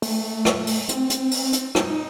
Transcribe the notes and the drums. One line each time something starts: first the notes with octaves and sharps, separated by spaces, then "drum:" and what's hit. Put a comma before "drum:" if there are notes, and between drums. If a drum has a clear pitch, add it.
A3, drum: open hi-hat
drum: rim click
drum: open hi-hat
C4, drum: hi-hat
drum: hi-hat
drum: open hi-hat
drum: hi-hat
D#4, drum: rim click